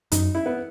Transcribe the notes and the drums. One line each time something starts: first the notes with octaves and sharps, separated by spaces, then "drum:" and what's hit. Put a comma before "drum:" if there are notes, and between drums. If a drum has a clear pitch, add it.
F#2 D#4, drum: hi-hat
E4
B3